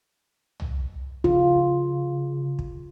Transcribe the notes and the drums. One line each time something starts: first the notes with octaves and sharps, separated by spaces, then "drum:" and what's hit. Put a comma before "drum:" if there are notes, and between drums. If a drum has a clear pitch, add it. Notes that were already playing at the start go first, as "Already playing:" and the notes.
drum: tom C2
C#3 F4, drum: kick
drum: kick